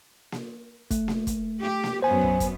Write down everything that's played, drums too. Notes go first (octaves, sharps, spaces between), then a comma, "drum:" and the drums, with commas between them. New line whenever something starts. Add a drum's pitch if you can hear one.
drum: snare A#3
A3, drum: kick, hi-hat
drum: snare A#3
drum: kick, hi-hat
G4
drum: snare A#3
F#2 B3 C5 G#5
drum: tom A#1
drum: kick, hi-hat